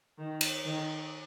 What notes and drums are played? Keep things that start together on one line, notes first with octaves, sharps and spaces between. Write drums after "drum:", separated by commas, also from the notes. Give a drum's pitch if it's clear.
D#3
drum: cymbal
D#3